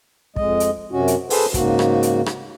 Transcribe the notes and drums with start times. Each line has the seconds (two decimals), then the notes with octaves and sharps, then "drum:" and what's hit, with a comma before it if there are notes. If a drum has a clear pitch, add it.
0.36 F2 G#3 D#5, drum: kick
0.60 drum: hi-hat
0.92 F#2 C3 C#4 F#4
1.08 drum: hi-hat
1.30 G#4 A4 B4 C5, drum: open hi-hat
1.54 G#2 C#3 A#3 F#4, drum: kick, hi-hat
1.79 drum: rim click
2.03 drum: hi-hat
2.26 drum: rim click